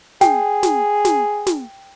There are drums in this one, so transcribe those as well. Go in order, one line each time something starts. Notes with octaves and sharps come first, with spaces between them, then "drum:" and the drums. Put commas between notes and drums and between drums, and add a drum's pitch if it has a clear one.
G#4 G5, drum: snare
drum: snare
drum: snare
drum: snare